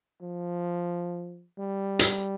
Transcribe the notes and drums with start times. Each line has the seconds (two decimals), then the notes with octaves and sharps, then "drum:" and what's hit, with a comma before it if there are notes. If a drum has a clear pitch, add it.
0.22 F3
1.59 G3
1.99 drum: hi-hat